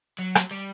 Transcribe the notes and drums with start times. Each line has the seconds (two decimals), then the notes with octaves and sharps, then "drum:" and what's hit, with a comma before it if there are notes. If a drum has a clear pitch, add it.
0.19 F#3
0.35 drum: rim click
0.51 G3